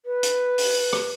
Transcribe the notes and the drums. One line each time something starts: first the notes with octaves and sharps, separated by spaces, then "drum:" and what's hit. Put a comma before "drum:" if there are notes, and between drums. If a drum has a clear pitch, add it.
B4
drum: hi-hat
drum: open hi-hat
drum: rim click